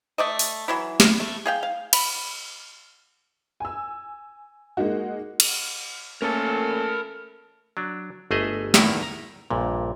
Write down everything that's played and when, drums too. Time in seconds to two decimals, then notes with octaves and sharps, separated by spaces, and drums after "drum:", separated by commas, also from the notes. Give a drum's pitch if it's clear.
0.18 A3 D5 D#5
0.39 drum: open hi-hat
0.68 E3 F#3 E4
1.00 drum: snare
1.20 A3
1.46 G#4 F5 G5
1.63 F5
1.93 B5, drum: cymbal
3.60 G#5 E6
4.77 G#3 A#3 D#4 F#4
5.40 drum: cymbal
6.22 A3 A#3 C#4 A4 A#4 A5
7.77 F#3 D4
8.31 G1 A3 G#4 D#5 E5
8.74 E2 A2 D#3 E4 A#4 D5, drum: snare
9.03 A#5
9.50 A#1 G2 A#2